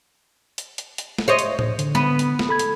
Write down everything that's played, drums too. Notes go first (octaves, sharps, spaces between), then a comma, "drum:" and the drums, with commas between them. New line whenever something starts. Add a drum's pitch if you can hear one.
drum: hi-hat
drum: hi-hat
drum: hi-hat
drum: snare
C5 C#5 D#5
drum: hi-hat
drum: tom A2
D3, drum: hi-hat
B3
drum: hi-hat
drum: snare
A4 B5 G#6
drum: hi-hat